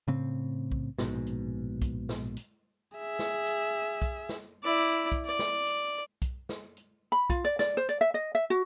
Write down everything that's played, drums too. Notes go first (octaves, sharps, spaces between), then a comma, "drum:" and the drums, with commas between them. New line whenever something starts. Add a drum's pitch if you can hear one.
A2 C#3 C4
drum: kick B1
A#1 G#2 B2, drum: snare
drum: hi-hat
drum: kick B1, hi-hat
drum: snare
drum: hi-hat
G#4 E5
drum: snare
drum: hi-hat
drum: kick B1, hi-hat
drum: snare
E4 D5
drum: kick B1, hi-hat
D5
drum: snare
drum: hi-hat
drum: kick B1, hi-hat
drum: snare
drum: hi-hat
B5
F4, drum: kick B1, hi-hat
D5
D5, drum: snare
C5
D5, drum: hi-hat
E5
D#5
E5
F#4